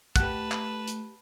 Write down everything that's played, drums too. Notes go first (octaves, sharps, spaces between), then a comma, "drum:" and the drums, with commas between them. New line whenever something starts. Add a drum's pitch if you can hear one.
A3 G4 B4 F#5 A5 F#6, drum: kick, hi-hat
drum: clap
drum: hi-hat